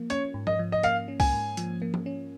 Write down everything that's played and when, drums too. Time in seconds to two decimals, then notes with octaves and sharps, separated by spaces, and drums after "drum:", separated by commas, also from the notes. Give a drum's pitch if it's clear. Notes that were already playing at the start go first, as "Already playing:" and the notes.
Already playing: F3 A#3
0.10 C#4 C#5, drum: hi-hat
0.34 G#2
0.47 D#5, drum: tom F3
0.59 F3
0.72 D#5
0.83 A#3 F5, drum: hi-hat
1.08 C#4
1.20 G#5, drum: kick C2, open hi-hat
1.33 G#2
1.57 F3, drum: hi-hat
1.82 A#3
1.94 drum: tom F3
2.06 C#4